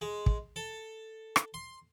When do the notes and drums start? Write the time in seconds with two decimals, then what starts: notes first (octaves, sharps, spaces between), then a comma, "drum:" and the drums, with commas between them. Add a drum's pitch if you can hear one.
0.01 G#3
0.26 drum: kick
0.56 A4
1.36 drum: rim click
1.54 C6